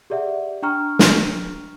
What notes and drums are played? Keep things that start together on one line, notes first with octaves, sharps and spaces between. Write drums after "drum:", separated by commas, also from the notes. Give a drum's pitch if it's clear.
G4 G#4 D5 E5 F#5
D4 G5 A#5 C#6 F6
drum: snare